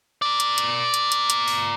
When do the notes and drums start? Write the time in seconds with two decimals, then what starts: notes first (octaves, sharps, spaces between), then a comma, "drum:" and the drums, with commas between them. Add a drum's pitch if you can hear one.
0.22 A#4 D5
0.40 drum: hi-hat
0.58 drum: hi-hat
0.94 drum: hi-hat
1.12 drum: hi-hat
1.30 drum: hi-hat
1.48 drum: open hi-hat